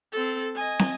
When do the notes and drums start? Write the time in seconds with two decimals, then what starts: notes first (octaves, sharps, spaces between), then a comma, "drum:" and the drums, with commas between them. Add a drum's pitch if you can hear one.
0.12 C4 A4
0.56 D#5 G#5
0.79 drum: snare